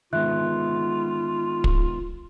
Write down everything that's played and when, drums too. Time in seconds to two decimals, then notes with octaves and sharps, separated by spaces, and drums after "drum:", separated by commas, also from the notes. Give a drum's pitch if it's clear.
0.13 D#3 G#3 B3 F4 E5 F#6
1.64 drum: kick